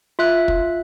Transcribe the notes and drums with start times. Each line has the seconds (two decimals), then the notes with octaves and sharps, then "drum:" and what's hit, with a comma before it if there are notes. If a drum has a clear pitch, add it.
0.19 F4 E5 F#6
0.48 drum: kick